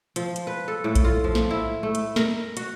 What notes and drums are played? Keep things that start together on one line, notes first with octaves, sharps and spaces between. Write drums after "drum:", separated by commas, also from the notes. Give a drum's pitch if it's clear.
F3, drum: hi-hat
drum: hi-hat
B4
A4
A2
drum: kick A#1, hi-hat
F4
F3
drum: snare
E4
A3
drum: hi-hat
A#4, drum: snare
F#4, drum: hi-hat